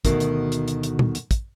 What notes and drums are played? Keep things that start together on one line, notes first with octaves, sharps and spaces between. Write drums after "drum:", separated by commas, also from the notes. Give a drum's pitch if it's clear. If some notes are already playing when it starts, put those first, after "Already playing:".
D2 B2 D#3, drum: kick, hi-hat
drum: hi-hat
drum: hi-hat
drum: hi-hat
drum: hi-hat
drum: tom A#2
drum: hi-hat
drum: kick, hi-hat